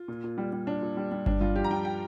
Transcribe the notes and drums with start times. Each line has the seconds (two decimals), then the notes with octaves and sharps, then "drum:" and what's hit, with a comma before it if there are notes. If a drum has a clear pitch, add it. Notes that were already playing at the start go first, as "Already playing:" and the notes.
Already playing: F4
0.08 A#2
0.24 A#2
0.38 G3
0.52 G3
0.67 A#2 D4
0.82 A#2
0.97 G3
1.12 G3
1.26 G2 D4, drum: kick G1
1.41 G2 F4
1.56 F3 G4
1.64 A#5
1.71 F3 G5
1.85 G5